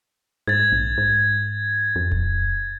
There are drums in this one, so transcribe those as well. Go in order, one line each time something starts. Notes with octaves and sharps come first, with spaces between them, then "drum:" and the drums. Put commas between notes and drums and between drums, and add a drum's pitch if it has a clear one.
G#2 G#6 A6
A#1
G#2
F2
drum: kick D#1